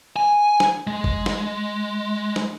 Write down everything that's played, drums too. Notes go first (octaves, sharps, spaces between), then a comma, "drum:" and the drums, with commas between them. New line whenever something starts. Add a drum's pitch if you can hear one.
G#5
drum: snare
G#3
drum: kick G1
drum: snare
drum: snare